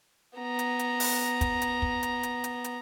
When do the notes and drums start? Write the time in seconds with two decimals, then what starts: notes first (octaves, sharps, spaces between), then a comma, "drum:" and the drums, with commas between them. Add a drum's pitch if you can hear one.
0.38 B3 A#5
0.59 drum: hi-hat
0.79 drum: hi-hat
1.00 drum: open hi-hat
1.41 drum: kick, hi-hat
1.62 drum: hi-hat
1.82 drum: kick
2.03 drum: hi-hat
2.23 drum: hi-hat
2.44 drum: hi-hat
2.64 drum: hi-hat